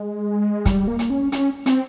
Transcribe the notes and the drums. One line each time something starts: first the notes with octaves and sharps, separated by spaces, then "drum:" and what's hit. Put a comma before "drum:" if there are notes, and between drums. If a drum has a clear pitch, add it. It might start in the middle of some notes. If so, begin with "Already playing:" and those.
Already playing: G#3
G3, drum: kick, hi-hat
A#3
drum: hi-hat
C#4
C#4, drum: hi-hat
C4, drum: hi-hat